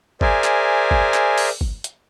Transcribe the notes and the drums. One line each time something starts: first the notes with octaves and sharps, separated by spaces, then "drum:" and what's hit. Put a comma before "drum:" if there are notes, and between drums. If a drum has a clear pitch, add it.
G#4 A#4 C5 D5 E5 G#5, drum: kick
drum: clap
drum: kick
drum: clap
drum: open hi-hat
drum: kick
drum: hi-hat